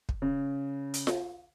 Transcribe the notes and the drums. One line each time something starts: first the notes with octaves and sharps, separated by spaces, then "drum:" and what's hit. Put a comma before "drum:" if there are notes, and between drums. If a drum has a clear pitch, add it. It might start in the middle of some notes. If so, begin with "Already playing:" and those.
drum: kick
C#3
drum: hi-hat
drum: snare F4